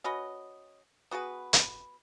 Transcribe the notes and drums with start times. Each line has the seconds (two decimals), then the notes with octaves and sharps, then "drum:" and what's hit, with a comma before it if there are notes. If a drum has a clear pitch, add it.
0.04 C#4 F#4 B4 D#5
1.11 B3 F#4 G#4 B4
1.53 drum: hi-hat